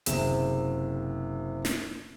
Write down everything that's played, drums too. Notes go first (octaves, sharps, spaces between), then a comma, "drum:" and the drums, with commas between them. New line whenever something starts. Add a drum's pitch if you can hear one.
F#1 C3 G#4 E7, drum: hi-hat
drum: snare